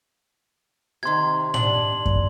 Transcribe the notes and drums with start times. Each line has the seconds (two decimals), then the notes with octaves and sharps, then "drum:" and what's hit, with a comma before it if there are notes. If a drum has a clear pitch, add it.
1.03 C3 D#3 C6 G#6
1.54 G3 D4 F#7, drum: tom A2
2.06 drum: kick F#2